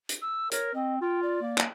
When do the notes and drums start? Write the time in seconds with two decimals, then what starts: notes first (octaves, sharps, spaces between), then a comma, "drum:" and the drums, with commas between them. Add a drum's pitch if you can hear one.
0.09 drum: hi-hat
0.22 E6
0.51 A#4 C#5, drum: hi-hat
0.74 C4 D#5
1.01 F4 G5
1.23 D5
1.41 A#3
1.58 drum: clap